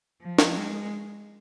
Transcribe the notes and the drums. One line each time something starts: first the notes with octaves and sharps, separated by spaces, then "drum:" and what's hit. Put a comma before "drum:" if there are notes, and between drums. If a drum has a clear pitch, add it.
F3
drum: snare
G#3